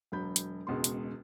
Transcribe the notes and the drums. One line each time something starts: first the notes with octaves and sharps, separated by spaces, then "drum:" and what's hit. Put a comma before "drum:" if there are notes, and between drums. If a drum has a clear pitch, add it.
E1 F#3 B5 G6
drum: hi-hat
E1 C#2 B2 G#3 C6
drum: hi-hat